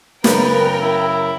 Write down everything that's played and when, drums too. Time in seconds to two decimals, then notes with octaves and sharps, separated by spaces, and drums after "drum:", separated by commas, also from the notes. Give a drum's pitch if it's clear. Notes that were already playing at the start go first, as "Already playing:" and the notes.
0.24 F#2 C#3 A#4 B4 G5, drum: snare
0.81 E4